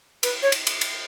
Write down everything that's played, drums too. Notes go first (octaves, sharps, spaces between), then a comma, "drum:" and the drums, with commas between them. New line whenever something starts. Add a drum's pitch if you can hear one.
B4, drum: cymbal
C#5
drum: cymbal
drum: cymbal
drum: cymbal